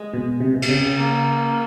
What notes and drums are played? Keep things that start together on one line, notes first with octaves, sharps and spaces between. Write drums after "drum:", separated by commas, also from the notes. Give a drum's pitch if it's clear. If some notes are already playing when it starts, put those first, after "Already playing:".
Already playing: G#3
B2
C3
B2
C3, drum: cymbal
C#3
A#3